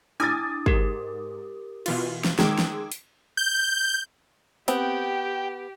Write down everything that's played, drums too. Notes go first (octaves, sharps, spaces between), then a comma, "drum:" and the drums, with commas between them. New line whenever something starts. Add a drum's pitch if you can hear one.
D4 E4 G#5 D6 D#6 A6
G#2 G4 A#4, drum: kick
B2 E3 F4, drum: cymbal
drum: snare
D#3 G#3 D6 E6 G#6, drum: snare
drum: snare
drum: hi-hat
G6
B3 C4 G4 G5, drum: hi-hat